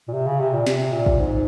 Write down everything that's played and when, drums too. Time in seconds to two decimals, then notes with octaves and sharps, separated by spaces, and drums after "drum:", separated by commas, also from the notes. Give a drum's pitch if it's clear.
0.08 A#2
0.14 C3
0.27 C#3
0.40 C3
0.54 A#2
0.67 C3, drum: snare
0.93 A#2
1.06 drum: kick
1.20 G#2